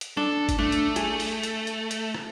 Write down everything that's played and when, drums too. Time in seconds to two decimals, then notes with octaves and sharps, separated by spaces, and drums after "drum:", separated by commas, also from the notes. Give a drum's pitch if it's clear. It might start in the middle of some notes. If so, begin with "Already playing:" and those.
0.01 drum: hi-hat
0.17 D4 A4
0.49 drum: kick G1, hi-hat
0.58 A3 D4
0.72 drum: hi-hat
0.96 G#4, drum: hi-hat
1.20 drum: open hi-hat
1.43 drum: hi-hat
1.67 drum: hi-hat
1.91 drum: hi-hat
2.14 drum: rim click